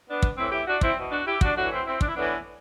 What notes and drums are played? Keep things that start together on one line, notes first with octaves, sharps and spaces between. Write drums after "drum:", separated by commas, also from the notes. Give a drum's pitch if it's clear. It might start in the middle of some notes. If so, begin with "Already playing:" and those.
B3 D4
drum: kick
A2 E3 C4 E4
E4 G4
D4 F#4
C4 E4, drum: kick
B2
D4 F#4
E4 G4
D4 F#4, drum: kick
A2 E3 D4 F#4
C4 E4
C4 E4
D4, drum: kick
E4
A2 E3 B3 D4